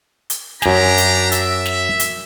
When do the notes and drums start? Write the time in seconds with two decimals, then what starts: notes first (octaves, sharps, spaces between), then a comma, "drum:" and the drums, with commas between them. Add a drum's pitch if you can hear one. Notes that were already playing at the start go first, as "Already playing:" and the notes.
0.30 drum: hi-hat
0.62 F#2 D4 G4 G#5 A#5, drum: snare
0.98 drum: hi-hat
1.32 E5, drum: hi-hat
1.66 drum: snare
2.00 drum: hi-hat